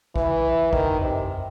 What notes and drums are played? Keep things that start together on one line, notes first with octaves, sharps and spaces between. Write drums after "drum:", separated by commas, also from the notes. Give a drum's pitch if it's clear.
E3, drum: kick
D#3, drum: kick
drum: tom F#2
C3